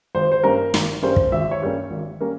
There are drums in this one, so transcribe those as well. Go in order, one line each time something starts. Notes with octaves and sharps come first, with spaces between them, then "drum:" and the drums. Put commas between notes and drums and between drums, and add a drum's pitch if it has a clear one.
G#1 C5
C5
G2 G3 A#3 C#4 A#4
G#1, drum: snare
G2 G3 A#3 C#4 C5
drum: kick
G#1 E5
C#5
G2 G3 A#3 C#4
G#1
G3 A#3 C#4